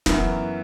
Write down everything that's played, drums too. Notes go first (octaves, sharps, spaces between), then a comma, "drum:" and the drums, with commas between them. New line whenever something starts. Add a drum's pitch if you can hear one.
F#2 E3 B3 E4 A#4, drum: snare